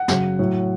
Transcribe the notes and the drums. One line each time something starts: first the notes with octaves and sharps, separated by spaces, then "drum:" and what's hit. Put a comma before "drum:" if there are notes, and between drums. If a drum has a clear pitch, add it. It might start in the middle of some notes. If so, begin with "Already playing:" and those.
Already playing: F#5
F#2 C#3 F#3, drum: snare
A2 F#3